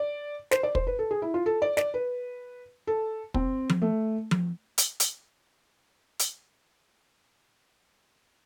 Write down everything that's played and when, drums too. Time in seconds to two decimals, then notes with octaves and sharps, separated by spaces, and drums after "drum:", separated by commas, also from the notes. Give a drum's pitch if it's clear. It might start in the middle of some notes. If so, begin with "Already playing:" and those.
Already playing: D5
0.51 C5, drum: snare
0.63 D5
0.75 C5, drum: kick
0.87 B4
0.99 A4
1.11 G#4
1.22 E4
1.34 F4
1.46 A4
1.62 D5
1.77 D5, drum: snare
1.94 B4
2.87 A4
3.34 C4, drum: kick
3.69 drum: tom F3
3.82 A3
4.31 drum: tom F3
4.78 drum: hi-hat
5.00 drum: hi-hat
6.19 drum: hi-hat